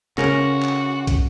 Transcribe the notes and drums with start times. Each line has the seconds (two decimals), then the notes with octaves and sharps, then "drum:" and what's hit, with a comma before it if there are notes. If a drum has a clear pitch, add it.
0.18 C#3 C#4 F#4 A#4, drum: clap
0.63 drum: clap
1.07 drum: kick, hi-hat